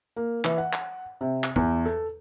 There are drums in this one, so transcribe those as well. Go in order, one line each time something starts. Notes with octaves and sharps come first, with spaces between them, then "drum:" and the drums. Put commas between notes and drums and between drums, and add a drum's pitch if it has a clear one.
A#3
E3, drum: clap
F#5
drum: clap
C3
drum: clap
E2, drum: kick
A4